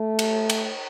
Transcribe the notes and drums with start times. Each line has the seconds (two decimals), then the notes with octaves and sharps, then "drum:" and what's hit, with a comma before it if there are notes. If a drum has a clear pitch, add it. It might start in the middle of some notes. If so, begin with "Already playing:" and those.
Already playing: A3
0.19 drum: cymbal
0.50 drum: cymbal